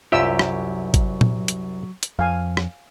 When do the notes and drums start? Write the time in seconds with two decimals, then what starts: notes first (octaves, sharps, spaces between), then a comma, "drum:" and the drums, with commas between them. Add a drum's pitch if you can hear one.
0.12 C2 F#2 F#3 F4 G4 E5 E6
0.39 drum: rim click
0.94 drum: kick G#1, hi-hat
1.21 drum: tom
1.48 drum: hi-hat
2.03 drum: hi-hat
2.19 F2 F5 G#5
2.57 drum: rim click